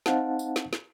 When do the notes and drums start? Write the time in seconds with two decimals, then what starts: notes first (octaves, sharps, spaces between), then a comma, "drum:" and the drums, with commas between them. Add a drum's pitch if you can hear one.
0.06 C4 D#4 C5 F5 F#5 A5, drum: snare
0.39 drum: tambourine
0.56 drum: snare
0.73 drum: snare